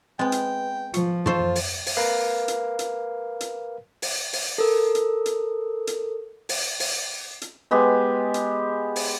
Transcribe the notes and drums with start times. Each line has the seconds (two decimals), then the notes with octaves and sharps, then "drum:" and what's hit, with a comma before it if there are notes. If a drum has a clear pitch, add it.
0.19 G#3 B3 C4 G5
0.32 drum: hi-hat
0.94 F3 F4, drum: hi-hat
1.26 E3 F4 A4 C5 C#6, drum: tom
1.55 drum: open hi-hat
1.86 drum: open hi-hat
1.97 A#4 B4 F5
2.48 drum: hi-hat
2.79 drum: hi-hat
3.41 drum: hi-hat
4.02 drum: open hi-hat
4.33 drum: open hi-hat
4.58 A4 A#4
4.95 drum: hi-hat
5.26 drum: hi-hat
5.87 drum: hi-hat
6.49 drum: open hi-hat
6.80 drum: open hi-hat
7.41 drum: hi-hat
7.71 G#3 B3 G4
8.34 drum: hi-hat
8.96 drum: open hi-hat